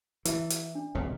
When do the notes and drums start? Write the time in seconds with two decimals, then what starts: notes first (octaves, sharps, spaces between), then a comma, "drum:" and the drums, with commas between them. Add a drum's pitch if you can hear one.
0.25 E3 E4 E5, drum: hi-hat
0.50 drum: hi-hat
0.75 D4
0.95 E1 C2 A#2